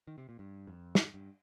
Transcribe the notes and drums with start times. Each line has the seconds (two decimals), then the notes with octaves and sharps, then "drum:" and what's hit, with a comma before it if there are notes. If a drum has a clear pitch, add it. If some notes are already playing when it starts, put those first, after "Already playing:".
0.07 D#3
0.18 C3
0.29 A#2
0.39 G2
0.67 F2
0.95 drum: snare
1.14 G2